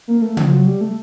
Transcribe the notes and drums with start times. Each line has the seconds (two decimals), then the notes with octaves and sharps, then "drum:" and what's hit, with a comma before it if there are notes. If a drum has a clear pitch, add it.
0.08 A#3
0.22 A3
0.37 F3, drum: tom C#3
0.52 F#3
0.66 G3
0.81 A3